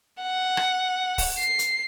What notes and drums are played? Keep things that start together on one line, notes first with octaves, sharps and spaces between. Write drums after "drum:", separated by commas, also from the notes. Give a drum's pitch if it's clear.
F#5
drum: rim click
drum: kick, open hi-hat
C7
drum: hi-hat